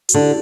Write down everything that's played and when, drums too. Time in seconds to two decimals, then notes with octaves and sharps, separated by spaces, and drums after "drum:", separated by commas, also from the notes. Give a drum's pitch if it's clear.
0.09 F#4, drum: hi-hat
0.14 D3 E4 G4